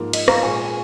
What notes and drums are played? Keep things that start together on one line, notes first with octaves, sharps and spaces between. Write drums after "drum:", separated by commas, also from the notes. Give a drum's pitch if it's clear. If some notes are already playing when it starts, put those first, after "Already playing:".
Already playing: G#2 F3 A#3
D#5, drum: cymbal
F5 A#5, drum: rim click
A#2 G#3 G#5 C#6
G#5